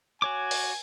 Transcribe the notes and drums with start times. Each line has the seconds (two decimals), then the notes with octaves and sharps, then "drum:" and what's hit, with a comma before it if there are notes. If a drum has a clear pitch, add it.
0.22 F#4 C#5 G#5 D6
0.51 drum: open hi-hat